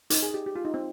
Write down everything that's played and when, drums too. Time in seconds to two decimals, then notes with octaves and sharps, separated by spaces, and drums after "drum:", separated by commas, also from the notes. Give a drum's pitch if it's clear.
0.10 D#4, drum: hi-hat
0.23 G#4
0.34 G4
0.46 G4
0.56 F4
0.65 D#4
0.74 C4